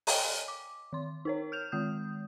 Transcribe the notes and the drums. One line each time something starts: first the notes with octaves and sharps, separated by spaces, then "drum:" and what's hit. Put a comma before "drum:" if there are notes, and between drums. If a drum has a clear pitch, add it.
C#5 D#5 F5 G5 G#5 A#5, drum: open hi-hat
D6
D#3 C6
D#4 A#4 C#5
F6 G6 F7
D#3 G#3 D#6 G6